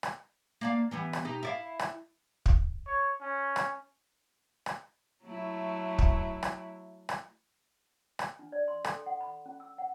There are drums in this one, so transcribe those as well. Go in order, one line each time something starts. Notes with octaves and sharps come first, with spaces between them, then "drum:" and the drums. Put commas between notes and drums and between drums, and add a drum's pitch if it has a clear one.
drum: rim click
A#3 D5 F5
E3 G3 B3
drum: rim click
B2 D#4 G4
E4 D5 F5
drum: rim click
drum: kick
C#5
C#4
drum: rim click
drum: rim click
F#3 A3 E4
drum: kick
drum: rim click
drum: rim click
drum: rim click
D4
D5
C6
A4, drum: rim click
F#5
B5
C#4
E6
F#5